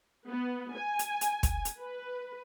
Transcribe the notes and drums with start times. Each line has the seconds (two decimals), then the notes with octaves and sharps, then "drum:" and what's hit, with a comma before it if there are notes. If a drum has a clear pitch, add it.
0.27 B3
0.77 G#5
0.99 drum: hi-hat
1.21 drum: hi-hat
1.43 drum: kick, hi-hat
1.65 drum: hi-hat
1.80 B4